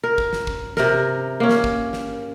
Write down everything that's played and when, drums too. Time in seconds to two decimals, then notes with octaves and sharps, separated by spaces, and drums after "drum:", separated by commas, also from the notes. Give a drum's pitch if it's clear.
0.04 A#4
0.18 drum: kick
0.33 drum: snare
0.47 drum: kick
0.77 C3 A#4, drum: snare
1.40 A#3 C#4
1.49 drum: snare
1.64 drum: kick
1.93 drum: snare